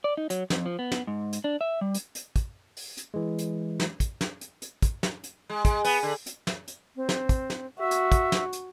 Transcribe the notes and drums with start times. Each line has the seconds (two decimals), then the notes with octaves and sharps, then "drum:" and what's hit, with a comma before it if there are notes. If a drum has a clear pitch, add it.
0.04 D5
0.17 D#4
0.30 F#3, drum: hi-hat
0.50 F2, drum: snare
0.66 F3
0.79 B3
0.92 drum: snare
1.07 G#2
1.33 drum: hi-hat
1.44 D4
1.61 E5
1.81 G3
1.94 drum: hi-hat
2.15 drum: hi-hat
2.36 drum: kick, hi-hat
2.77 drum: open hi-hat
2.97 drum: hi-hat
3.14 E3 G#3
3.38 drum: hi-hat
3.80 drum: snare
4.00 drum: kick, hi-hat
4.21 drum: snare
4.41 drum: hi-hat
4.62 drum: hi-hat
4.82 drum: kick, hi-hat
5.03 drum: snare
5.24 drum: hi-hat
5.50 G#3
5.65 G#3, drum: kick, hi-hat
5.84 B3, drum: open hi-hat
6.03 D3
6.26 drum: hi-hat
6.47 drum: snare
6.68 drum: hi-hat
6.96 C4
7.09 drum: snare
7.29 drum: kick, hi-hat
7.50 drum: snare
7.79 F#4 E5
7.91 drum: hi-hat
8.12 drum: kick, hi-hat
8.32 drum: snare
8.53 drum: hi-hat